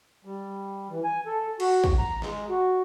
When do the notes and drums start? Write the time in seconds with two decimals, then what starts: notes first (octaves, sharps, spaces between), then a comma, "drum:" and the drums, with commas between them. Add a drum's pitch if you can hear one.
0.25 G3
0.90 E3
1.04 G#5
1.26 A4
1.60 F#4, drum: cymbal
1.84 drum: kick
1.98 A#5
2.22 G#3, drum: snare
2.49 F#4